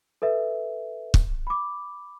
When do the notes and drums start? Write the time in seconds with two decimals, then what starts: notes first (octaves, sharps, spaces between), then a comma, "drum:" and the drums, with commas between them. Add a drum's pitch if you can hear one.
0.22 A4 B4 E5
1.14 drum: kick
1.47 B5 D6